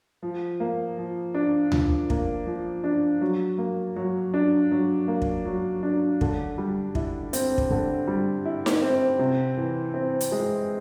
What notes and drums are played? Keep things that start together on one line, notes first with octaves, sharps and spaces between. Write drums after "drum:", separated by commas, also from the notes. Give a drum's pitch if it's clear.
F3
A#3
F3
D4
F3, drum: tom D2
A#3, drum: kick
F3
D4
F#3
A#3
F#3
D4
F#3
A#3
drum: kick
F#3
D4
D3, drum: kick
G3
E4, drum: kick
C4, drum: hi-hat
drum: kick
D3
G3
E4
drum: snare D#4
C4
C3
E3
C4
drum: hi-hat
G#3